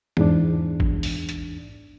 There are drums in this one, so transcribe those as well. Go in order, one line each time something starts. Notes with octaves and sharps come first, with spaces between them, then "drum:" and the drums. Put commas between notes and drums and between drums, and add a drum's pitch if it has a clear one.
E2 G#2 D4, drum: tom
drum: kick G#1
drum: open hi-hat
drum: hi-hat